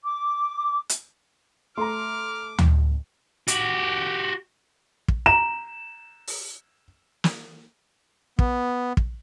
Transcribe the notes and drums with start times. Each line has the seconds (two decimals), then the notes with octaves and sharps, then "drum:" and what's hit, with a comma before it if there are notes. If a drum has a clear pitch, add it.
0.04 D6
0.89 drum: hi-hat
1.77 A3 A#5 C6 D6 F6
2.58 drum: tom D2
3.48 F#4 G4, drum: hi-hat
5.08 drum: kick
5.26 A#5 E7
6.27 drum: open hi-hat
7.24 drum: snare
8.39 B3, drum: kick
8.97 drum: kick